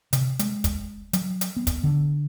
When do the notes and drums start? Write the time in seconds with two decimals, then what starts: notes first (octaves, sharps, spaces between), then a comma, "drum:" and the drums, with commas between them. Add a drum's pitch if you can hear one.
0.13 C3, drum: hi-hat
0.39 G#3, drum: hi-hat
0.64 drum: kick, hi-hat
1.13 F#3, drum: hi-hat
1.41 drum: hi-hat
1.56 B3
1.67 drum: kick, hi-hat
1.84 D3